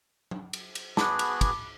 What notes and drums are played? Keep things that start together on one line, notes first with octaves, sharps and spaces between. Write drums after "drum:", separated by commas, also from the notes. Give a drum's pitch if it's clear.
drum: tom F#3
drum: cymbal
drum: cymbal
B3 F#4 G#4 A5 B5 D6 F#6, drum: snare
drum: cymbal
drum: kick, cymbal